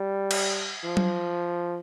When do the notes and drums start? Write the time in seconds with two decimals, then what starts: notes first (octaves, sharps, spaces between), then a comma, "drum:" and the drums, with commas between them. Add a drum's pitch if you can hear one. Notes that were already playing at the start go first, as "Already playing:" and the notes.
Already playing: G3
0.31 drum: cymbal
0.84 F3
0.97 drum: tom F#3